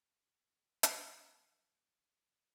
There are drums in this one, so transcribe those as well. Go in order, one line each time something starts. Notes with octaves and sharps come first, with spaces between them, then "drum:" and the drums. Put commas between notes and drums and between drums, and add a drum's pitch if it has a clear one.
F3 F#3, drum: hi-hat